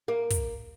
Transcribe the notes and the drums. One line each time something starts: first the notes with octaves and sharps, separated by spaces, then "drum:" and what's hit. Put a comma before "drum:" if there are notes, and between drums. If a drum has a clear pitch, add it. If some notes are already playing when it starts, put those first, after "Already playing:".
A#3
drum: kick, hi-hat